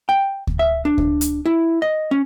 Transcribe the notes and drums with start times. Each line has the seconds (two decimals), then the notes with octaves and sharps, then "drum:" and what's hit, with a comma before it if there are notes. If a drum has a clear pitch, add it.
0.09 G5
0.47 drum: kick D2
0.59 E5
0.85 D4
0.98 drum: kick D2
1.21 drum: hi-hat
1.46 E4
1.82 D#5
2.11 C#4